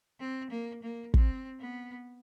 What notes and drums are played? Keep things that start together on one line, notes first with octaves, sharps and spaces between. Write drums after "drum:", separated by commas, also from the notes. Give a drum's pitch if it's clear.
C4
A#3
A#3
C4, drum: kick
B3